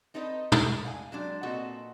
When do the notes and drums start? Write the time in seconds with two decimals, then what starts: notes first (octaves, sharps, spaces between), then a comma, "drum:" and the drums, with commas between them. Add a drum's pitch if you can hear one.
0.14 C4 D#4 A4 B4 D#5
0.52 drum: tom
0.84 F5 F#5 G#5
1.12 F#3 G#3 D4 G4
1.43 A#2 B3 C4 F#4 A4 D#5